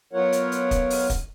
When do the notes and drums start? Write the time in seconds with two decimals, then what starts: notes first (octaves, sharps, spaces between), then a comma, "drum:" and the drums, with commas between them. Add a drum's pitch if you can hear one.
0.13 F#3 B3 F4 A#4 C#5 F#5
0.32 drum: hi-hat
0.52 drum: hi-hat
0.71 drum: kick, hi-hat
0.90 drum: open hi-hat
1.10 drum: kick, hi-hat